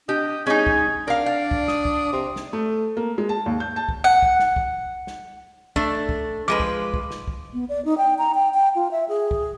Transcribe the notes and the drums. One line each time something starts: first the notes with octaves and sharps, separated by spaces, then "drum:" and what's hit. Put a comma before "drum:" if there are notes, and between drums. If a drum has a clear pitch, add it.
D4 G4 D#5
G#3 C#4 D#4 G#5
drum: kick
D4 A#4 F5
D5 F5
drum: kick
D#6, drum: snare
drum: kick
C3
drum: snare
A3
A#3
G#3
A5
D#2
G6
A5
drum: kick
F#5
drum: kick
drum: snare
drum: kick
drum: snare
A3 D4, drum: kick
drum: kick
F3 G#3 B4 D6
drum: kick
drum: kick
drum: snare
drum: kick
B3
D5
D#4
G5
A#5
G5
G5
F4
E5
G#4
drum: kick